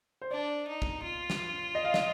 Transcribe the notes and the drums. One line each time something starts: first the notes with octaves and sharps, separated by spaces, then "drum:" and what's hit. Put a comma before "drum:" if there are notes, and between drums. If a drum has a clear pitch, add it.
C5
D4 D5
D#4
drum: kick
F4
drum: snare
D#5
F5
D#5, drum: snare